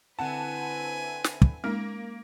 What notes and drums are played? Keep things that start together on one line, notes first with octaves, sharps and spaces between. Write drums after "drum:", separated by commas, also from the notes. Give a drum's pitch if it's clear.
D3 C4 E4 B4 F#5 G#5 A5
drum: snare
drum: kick
G#3 A#3 C#4 D#4